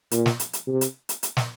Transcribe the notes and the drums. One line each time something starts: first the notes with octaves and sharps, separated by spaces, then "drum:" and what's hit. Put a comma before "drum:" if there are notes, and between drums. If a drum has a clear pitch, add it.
A#2, drum: hi-hat
drum: snare
drum: hi-hat
drum: hi-hat
C3
drum: hi-hat
drum: hi-hat
drum: hi-hat
drum: snare